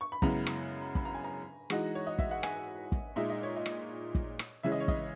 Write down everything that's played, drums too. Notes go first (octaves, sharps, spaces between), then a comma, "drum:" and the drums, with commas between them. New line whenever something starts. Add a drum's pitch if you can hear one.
C#6
B5
F#2 C#3 G#3 B3 E4 A#5, drum: kick
drum: rim click
B5, drum: kick
A#5
G#5
A#5
E3 G#3 D#4 F#4, drum: rim click
C#5
D#5
E5, drum: kick
F#5
G#5, drum: rim click
drum: kick
A#2 G#3 D#4 E5
D#5
C#5
D#5
drum: rim click
drum: kick
drum: rim click
C#3 E3 G#3 C#4 E5
D#5
C#5
D#5, drum: kick